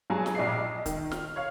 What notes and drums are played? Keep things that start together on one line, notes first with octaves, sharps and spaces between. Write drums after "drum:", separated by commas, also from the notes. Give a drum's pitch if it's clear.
G2 F#3 G#4 C#5 G#5 A5
drum: snare
A#1 D5 D#5 C7
D#5
D#3, drum: kick, hi-hat
F6, drum: snare
C#5 F5 F6